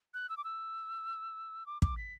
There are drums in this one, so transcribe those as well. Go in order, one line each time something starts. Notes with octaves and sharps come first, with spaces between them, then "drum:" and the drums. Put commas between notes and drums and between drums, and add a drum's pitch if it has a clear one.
F#6
E6
D6
E6
D6
D6, drum: kick
B6